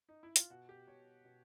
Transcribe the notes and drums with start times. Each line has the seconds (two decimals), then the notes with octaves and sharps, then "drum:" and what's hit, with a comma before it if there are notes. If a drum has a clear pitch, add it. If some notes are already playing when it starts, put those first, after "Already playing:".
0.09 D#4
0.23 E4
0.36 F4, drum: hi-hat
0.50 B2 F#4
0.69 G4
0.87 B2 C#5
1.25 B2